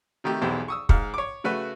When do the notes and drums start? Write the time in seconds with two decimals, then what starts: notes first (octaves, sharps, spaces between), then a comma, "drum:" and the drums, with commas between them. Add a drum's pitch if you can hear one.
0.24 C3 D#3 A3 G4
0.41 B1 E2 E3 G4 C5
0.68 C#6 D#6 E6
0.89 G#2 F5, drum: kick
1.14 C#5 D6
1.44 C#3 A3 F#4 B4